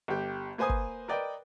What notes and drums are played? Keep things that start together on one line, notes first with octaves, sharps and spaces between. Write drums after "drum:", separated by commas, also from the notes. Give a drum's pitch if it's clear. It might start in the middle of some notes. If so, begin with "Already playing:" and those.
G1 G4
A#3 B4 C5 G#5 C6 D#6
drum: kick
A#4 B4 D5 D#5 G5